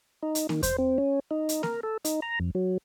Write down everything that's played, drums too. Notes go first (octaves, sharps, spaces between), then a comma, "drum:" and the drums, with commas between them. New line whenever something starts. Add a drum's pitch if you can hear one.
D#4
drum: hi-hat
D#3, drum: snare A#3
C5, drum: kick E2, hi-hat
C4
C#4
D#4
drum: hi-hat
A#4, drum: snare A#3
A4
D#4, drum: hi-hat
A#5
F2
F#3